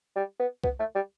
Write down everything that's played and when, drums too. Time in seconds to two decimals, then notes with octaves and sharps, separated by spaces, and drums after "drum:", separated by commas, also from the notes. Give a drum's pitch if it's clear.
0.16 G3
0.39 B3
0.64 B3, drum: kick C2
0.79 A3
0.95 G3